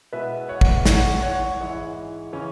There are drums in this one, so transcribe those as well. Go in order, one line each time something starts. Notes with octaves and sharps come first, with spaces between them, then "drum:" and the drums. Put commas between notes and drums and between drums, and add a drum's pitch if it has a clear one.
B2 G#3 B3 E4 B4 E5
C#5 F#5
drum: kick
E2 E3 C#4 E4 C#5 F#5, drum: snare
C#5 F#5
G#2 E3 G#3 E4
C#3 E3 C#4 E4